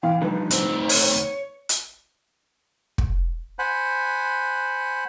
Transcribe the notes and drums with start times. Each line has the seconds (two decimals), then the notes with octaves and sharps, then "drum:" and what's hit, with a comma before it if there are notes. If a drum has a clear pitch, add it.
0.03 E3 F5 G5
0.22 D3 F3 G3 D#4 B4
0.51 D2 C4, drum: hi-hat
0.89 C#5, drum: open hi-hat
1.69 drum: hi-hat
2.98 drum: kick
3.59 C5 F#5 G#5 B5